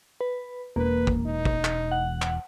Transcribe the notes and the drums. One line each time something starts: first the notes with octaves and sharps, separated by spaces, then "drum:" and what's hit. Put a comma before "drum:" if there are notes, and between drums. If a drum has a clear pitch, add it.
B4
E1 A#3 B4
drum: kick
D#4
drum: kick
drum: clap
F#5
drum: clap